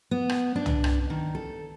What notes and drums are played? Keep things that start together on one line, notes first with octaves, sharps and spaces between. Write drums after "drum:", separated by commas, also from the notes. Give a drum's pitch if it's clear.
B3
drum: rim click
D4
drum: tom
drum: rim click
D#3
A4